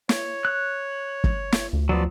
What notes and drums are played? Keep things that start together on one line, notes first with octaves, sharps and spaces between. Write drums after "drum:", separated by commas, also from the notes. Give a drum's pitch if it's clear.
C#5, drum: snare
F#6
drum: kick
drum: snare
D2
F3 F#3 B3 D5